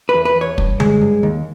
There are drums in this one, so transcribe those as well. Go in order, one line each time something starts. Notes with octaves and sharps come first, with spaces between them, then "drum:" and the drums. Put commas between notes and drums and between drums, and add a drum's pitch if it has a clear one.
B4
E2
B4
E2
C#5
G2, drum: kick
G#3, drum: tom D3
G2
D#2